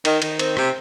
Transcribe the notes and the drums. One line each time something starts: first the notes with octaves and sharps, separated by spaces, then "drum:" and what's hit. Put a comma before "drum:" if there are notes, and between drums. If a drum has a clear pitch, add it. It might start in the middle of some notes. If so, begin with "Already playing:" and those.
D#3, drum: cymbal
D#3, drum: cymbal
C4, drum: cymbal
C3, drum: rim click